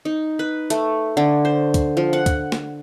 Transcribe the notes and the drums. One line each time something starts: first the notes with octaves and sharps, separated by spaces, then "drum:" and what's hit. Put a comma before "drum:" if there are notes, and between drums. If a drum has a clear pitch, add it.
D#4
B4
A3, drum: hi-hat
D3
C5
drum: kick, hi-hat
F3
F#5
drum: kick, hi-hat
drum: snare